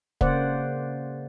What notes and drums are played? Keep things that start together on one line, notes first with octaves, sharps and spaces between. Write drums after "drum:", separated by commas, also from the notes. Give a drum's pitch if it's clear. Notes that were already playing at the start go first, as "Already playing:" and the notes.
C#3 A#3 C5 D5 F#5, drum: kick